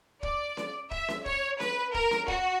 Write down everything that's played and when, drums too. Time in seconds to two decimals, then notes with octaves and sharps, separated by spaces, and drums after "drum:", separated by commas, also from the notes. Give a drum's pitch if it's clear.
0.23 D5, drum: kick
0.57 drum: snare C#4
0.91 E5, drum: kick
1.08 drum: snare C#4
1.26 C#5, drum: kick
1.60 B4, drum: snare C#4
1.94 A#4, drum: kick
2.11 drum: snare C#4
2.28 F#4, drum: kick